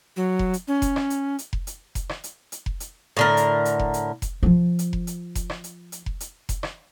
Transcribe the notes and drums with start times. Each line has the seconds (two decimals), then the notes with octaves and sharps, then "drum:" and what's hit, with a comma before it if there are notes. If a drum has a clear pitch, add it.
0.16 F#3
0.39 drum: kick F1
0.53 drum: hi-hat
0.68 C#4
0.82 drum: kick F1, hi-hat
0.96 drum: rim click
1.10 drum: hi-hat
1.39 drum: hi-hat
1.53 drum: kick F1
1.67 drum: hi-hat
1.95 drum: kick F1, hi-hat
2.09 drum: rim click
2.24 drum: hi-hat
2.52 drum: hi-hat
2.66 drum: kick F1
2.80 drum: hi-hat
3.17 A2 D3 A#4
3.37 drum: hi-hat
3.65 drum: hi-hat
3.79 drum: kick F1
3.94 drum: hi-hat
4.22 drum: kick F1, hi-hat
4.43 F3 F4
4.79 drum: hi-hat
4.93 drum: kick F1
5.07 drum: hi-hat
5.35 drum: kick F1, hi-hat
5.50 drum: rim click
5.64 drum: hi-hat
5.92 drum: hi-hat
6.06 drum: kick F1
6.20 drum: hi-hat
6.49 drum: kick F1, hi-hat
6.63 drum: rim click